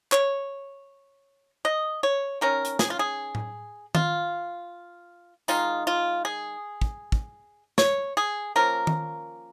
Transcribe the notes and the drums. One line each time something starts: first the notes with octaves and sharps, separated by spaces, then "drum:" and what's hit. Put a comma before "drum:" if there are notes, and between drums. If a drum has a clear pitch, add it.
C#5, drum: clap
D#5
C#5
D#3 C#4 A#4
drum: hi-hat
G#4, drum: snare
F4
G#4
drum: tom A2
F4, drum: tom D#3
D#3 G#3 D#4 F4, drum: tambourine
F4
G#4
drum: kick
drum: kick
C#5, drum: snare
G#4
F3 A#3 C#4 A#4
drum: tom D#3